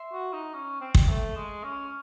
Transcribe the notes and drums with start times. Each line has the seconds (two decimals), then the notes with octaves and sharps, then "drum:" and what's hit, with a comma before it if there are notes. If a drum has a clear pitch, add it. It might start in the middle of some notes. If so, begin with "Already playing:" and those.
Already playing: E5 C6
0.12 F#4
0.33 D#4
0.54 C#4
0.81 C4
0.95 drum: kick
1.09 A3
1.36 G#3
1.64 C#4